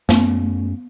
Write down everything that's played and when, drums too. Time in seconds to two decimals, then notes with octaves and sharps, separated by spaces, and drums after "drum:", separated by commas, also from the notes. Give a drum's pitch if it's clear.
0.09 F#2 A3 B3 C#4, drum: snare